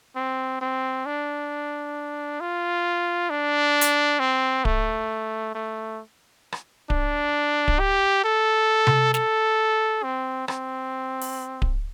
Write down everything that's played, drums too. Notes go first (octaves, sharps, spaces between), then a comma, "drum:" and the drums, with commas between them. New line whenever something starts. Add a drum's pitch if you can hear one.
C4
C4
D4
F4
D4
drum: hi-hat
C4
A3, drum: kick D1
A3
drum: rim click
D4, drum: kick D1
drum: kick D1
G4
A4
drum: tom C3
A4, drum: snare
C4
C4, drum: rim click
drum: open hi-hat
drum: kick D1